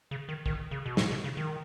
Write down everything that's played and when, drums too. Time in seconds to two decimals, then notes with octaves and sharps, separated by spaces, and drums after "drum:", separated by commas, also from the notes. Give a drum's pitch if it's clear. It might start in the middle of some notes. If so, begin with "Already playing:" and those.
0.11 C#3
0.29 D#3
0.46 D#3, drum: kick
0.71 C#3
0.86 B2
0.97 G#2, drum: snare
1.11 B2
1.24 C#3
1.37 D#3